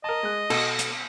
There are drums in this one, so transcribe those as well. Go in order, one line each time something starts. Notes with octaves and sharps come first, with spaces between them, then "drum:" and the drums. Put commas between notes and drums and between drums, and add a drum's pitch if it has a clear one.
A#4 D#5 A5
G#3 F#6
B2 A4, drum: cymbal
drum: hi-hat